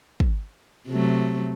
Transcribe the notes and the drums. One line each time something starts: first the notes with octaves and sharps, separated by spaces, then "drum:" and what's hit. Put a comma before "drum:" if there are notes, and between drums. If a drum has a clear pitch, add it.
drum: kick
C3 F#3 A3